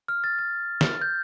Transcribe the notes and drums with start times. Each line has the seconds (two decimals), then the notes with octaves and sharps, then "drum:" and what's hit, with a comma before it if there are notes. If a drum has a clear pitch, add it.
0.08 F6
0.24 A6
0.39 A6
0.81 drum: snare
1.01 G6